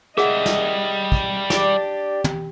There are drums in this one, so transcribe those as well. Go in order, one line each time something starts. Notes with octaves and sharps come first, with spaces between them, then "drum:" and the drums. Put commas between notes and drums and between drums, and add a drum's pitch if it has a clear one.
G3 G#4 D#5 E5 F#5, drum: rim click
drum: snare
drum: kick
D4 G4 D5 D6, drum: snare
drum: tom